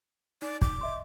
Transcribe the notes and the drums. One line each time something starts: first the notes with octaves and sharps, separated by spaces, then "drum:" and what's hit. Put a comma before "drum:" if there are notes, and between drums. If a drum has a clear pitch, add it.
D#4 D5
D6, drum: kick
D#5 E5 C6